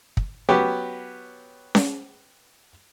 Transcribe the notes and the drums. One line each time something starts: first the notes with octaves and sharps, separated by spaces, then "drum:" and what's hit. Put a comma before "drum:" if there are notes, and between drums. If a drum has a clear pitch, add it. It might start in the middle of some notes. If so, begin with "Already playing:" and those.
drum: kick
F#3 B3 C#4 G4
drum: snare C#4